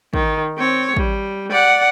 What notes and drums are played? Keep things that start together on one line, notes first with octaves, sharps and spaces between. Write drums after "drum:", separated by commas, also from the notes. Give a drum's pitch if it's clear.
D#3, drum: kick
C4 C#5
G3, drum: kick
D5 F#5